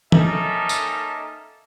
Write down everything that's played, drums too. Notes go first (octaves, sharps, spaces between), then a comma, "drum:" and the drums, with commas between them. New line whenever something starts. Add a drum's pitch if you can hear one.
A#3 C#4 D#4 A4 E5, drum: tom E3
drum: tambourine